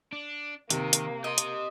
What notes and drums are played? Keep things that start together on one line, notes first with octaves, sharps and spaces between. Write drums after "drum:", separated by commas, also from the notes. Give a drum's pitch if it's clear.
D4
C3 D#3 A#3, drum: hi-hat
drum: hi-hat
G4 D#5 C6
drum: hi-hat